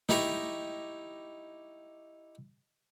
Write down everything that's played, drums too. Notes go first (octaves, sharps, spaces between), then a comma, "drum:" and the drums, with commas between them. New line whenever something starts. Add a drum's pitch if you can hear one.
D#4 E4 G4 A#5 C#6, drum: snare